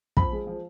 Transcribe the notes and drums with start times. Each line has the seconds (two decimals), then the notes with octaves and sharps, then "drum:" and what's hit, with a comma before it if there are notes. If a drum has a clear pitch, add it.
0.17 F3 B5, drum: kick
0.32 G#3
0.47 F3